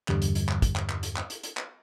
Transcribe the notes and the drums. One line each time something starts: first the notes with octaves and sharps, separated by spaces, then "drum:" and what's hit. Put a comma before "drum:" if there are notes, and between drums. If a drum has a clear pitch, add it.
E2 G2 D3 G3, drum: clap
drum: hi-hat
drum: hi-hat
drum: clap
drum: kick, hi-hat
drum: clap
drum: clap
drum: hi-hat
drum: clap
drum: hi-hat
drum: hi-hat
drum: clap